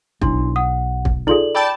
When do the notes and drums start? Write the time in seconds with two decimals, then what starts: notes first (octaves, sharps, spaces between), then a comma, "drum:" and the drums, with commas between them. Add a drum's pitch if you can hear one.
0.21 B1 D4 E4 C6, drum: kick
0.56 F#5 D#6
1.05 drum: kick
1.27 D#4 F4 G#4 A4 D5 F#7
1.55 D5 G5 A5 B5 E6